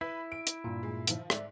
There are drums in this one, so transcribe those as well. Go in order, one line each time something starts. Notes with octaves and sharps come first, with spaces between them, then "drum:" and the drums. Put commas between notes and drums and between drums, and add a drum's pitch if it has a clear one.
E4 B4 B5
D7
drum: hi-hat
G2 A#2
G#3
D#3 F3, drum: hi-hat
G#2 D5 E5, drum: rim click